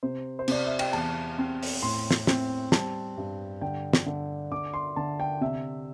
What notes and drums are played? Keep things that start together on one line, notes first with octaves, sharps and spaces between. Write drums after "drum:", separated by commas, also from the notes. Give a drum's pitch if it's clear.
C3 C5
C5
C3 D5, drum: cymbal
E5
G5, drum: cymbal
E2 A5, drum: cymbal
C4
drum: open hi-hat
A2 C6
drum: snare
C4, drum: snare
G3 A5, drum: snare
G2
D3 G5
drum: snare
D3
D3 D6
C6
D3 A5
G5
C3 E5